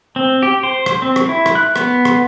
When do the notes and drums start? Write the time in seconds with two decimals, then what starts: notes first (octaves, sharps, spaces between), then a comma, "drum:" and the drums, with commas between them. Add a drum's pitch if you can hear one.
0.16 C4
0.43 G4
0.63 C5
0.86 drum: rim click
1.02 C4
1.16 drum: rim click
1.29 E4
1.46 drum: rim click
1.55 F#6
1.76 B3, drum: rim click
2.05 drum: rim click